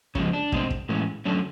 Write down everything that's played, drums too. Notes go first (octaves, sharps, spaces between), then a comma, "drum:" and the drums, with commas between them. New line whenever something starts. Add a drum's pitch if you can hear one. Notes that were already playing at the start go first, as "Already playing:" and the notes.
C#3 F3 G#3 C#4, drum: kick
D4
B2 G#3 C4, drum: kick
drum: kick
A2 E3 G#3 C#4
D3 F#3 A3 C#4 D4